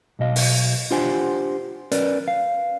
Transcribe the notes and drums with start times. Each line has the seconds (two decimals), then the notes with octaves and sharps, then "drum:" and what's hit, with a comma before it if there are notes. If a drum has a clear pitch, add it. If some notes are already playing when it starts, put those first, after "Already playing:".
0.19 B1 B2 D#5 F5
0.36 drum: open hi-hat
0.91 D4 F4 G4 C5 F#5 G#5
1.92 C#4 A#4 B4 D5, drum: hi-hat
2.28 F5